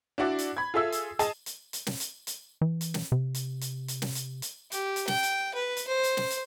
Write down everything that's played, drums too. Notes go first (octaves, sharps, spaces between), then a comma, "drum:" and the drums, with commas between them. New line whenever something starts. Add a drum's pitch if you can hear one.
D4 E4 F#4 D5
drum: hi-hat
B5 G#6
F4 G#4 A4 E5 E6
drum: hi-hat
G#4 D#5 A5, drum: hi-hat
drum: hi-hat
drum: hi-hat
drum: snare
drum: hi-hat
drum: hi-hat
E3
drum: hi-hat
drum: snare
C3
drum: hi-hat
drum: hi-hat
drum: hi-hat
drum: snare
drum: hi-hat
drum: hi-hat
G4, drum: hi-hat
drum: hi-hat
G5, drum: snare
drum: hi-hat
B4
drum: hi-hat
C5
drum: hi-hat
drum: snare
drum: hi-hat